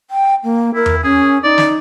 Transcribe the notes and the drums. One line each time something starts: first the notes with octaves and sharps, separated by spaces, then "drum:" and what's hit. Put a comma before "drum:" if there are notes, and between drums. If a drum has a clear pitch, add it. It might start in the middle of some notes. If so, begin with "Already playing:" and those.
G5
A#3
E4 A#4
drum: tom E2
C#4 G#4
D#4 D5
drum: snare